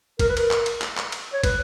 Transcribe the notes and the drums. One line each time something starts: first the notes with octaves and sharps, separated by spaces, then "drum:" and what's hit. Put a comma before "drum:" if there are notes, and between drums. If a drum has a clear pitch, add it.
A#4, drum: kick, cymbal
B4
A#4, drum: cymbal
drum: clap
drum: cymbal
drum: clap
drum: clap
drum: cymbal
C#5
B4, drum: kick, cymbal